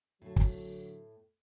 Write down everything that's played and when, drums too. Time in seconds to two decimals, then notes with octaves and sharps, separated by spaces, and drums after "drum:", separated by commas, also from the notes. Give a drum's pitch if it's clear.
0.22 A2 D3 F#3 A3
0.36 drum: kick